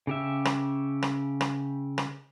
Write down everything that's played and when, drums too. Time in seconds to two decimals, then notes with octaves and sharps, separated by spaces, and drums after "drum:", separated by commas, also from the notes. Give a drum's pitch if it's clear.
0.07 C#3 G4 E5
0.45 drum: rim click
1.02 drum: rim click
1.41 drum: rim click
1.98 drum: rim click